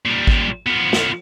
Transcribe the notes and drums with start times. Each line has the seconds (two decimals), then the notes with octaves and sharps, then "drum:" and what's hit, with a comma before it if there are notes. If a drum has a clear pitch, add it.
0.06 A#2 G3
0.27 drum: kick G#1
0.67 F3 B3
0.93 drum: snare